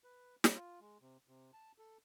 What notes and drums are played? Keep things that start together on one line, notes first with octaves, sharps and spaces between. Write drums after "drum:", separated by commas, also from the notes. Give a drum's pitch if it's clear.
B4
G#3, drum: snare
F4
G#3
C3
C3
A5
A4